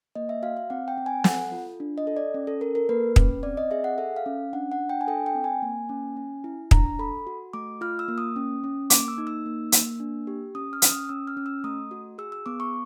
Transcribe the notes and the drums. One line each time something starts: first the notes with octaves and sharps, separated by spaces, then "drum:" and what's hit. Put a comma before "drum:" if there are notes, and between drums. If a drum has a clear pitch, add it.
A#3 D#5
E5
F#4 F5
F5
C4 F#5
G5
C4
G#5
A4 F#5, drum: snare
F4
D4
D#5
A4
D5
C#4
A4
A4 A#4
A#4
A#3 B4
C#4, drum: kick
C4 D5
D#5
G#4 E5
F#5
A4 E5
F5
C#4
D4 F#5
F#5
D4
G5
G#5
A4 G5
G5
C4
G#5
A#3
C#4
C#4
E4
D4 A#5, drum: kick
A4 B5
F#4
A3 D6
F4 F6
E6
A#3
D#6
C#4
C#4
A#3 D6, drum: hi-hat
E6
D#4
E6
A#3
A#3, drum: hi-hat
D4
G4
C#4 D#6
F6
C#4, drum: hi-hat
D#6
C#4 E6
F6
C#4
E6
A3 D#6
F#4
G#4 E6
E6
B3 D6
C#6